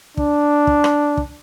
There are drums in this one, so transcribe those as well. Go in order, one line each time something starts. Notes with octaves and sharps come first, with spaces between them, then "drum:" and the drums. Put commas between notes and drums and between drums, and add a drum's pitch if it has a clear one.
D4, drum: kick
drum: kick
drum: rim click
drum: kick